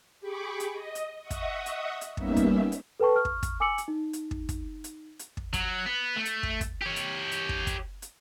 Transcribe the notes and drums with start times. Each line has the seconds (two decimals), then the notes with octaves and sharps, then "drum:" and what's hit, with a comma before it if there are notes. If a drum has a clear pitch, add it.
0.20 G4 G#4 B5 C#6 D6
0.60 drum: hi-hat
0.72 D#5
0.95 drum: hi-hat
1.21 D#5 E5 F#5 C#6 D#6
1.30 drum: kick, hi-hat
1.66 drum: hi-hat
2.01 drum: hi-hat
2.17 G3 A#3 B3 C#4 D#4 E5, drum: kick
2.37 drum: kick, hi-hat
2.72 drum: hi-hat
3.00 A4 B4 G5 A5 C#6
3.15 C#6 F6
3.25 drum: kick
3.43 drum: kick, hi-hat
3.60 G#5 D6 E6 C#7 F#7
3.78 drum: hi-hat
3.88 D#4
4.13 drum: hi-hat
4.31 drum: kick
4.49 drum: kick, hi-hat
4.84 drum: hi-hat
5.19 drum: hi-hat
5.37 drum: kick
5.53 F#3, drum: kick, hi-hat
5.86 B3
6.16 A3
6.25 drum: hi-hat
6.43 drum: kick
6.61 drum: kick, hi-hat
6.82 G4 C#5
6.96 drum: hi-hat
7.31 drum: hi-hat
7.49 drum: kick
7.67 drum: kick, hi-hat
8.02 drum: hi-hat